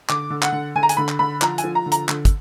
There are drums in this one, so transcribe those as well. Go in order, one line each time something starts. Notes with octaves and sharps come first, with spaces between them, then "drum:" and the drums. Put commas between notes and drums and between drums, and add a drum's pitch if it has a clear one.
D3 D6, drum: clap
D3
F#5, drum: clap
D3
D3 G#5
A#5
G#5, drum: hi-hat
D3 B5
drum: clap
D3 B5
F3 A#5, drum: clap
G#5, drum: hi-hat
F3
A#5
D3
A#5, drum: hi-hat
D3, drum: clap
drum: kick, hi-hat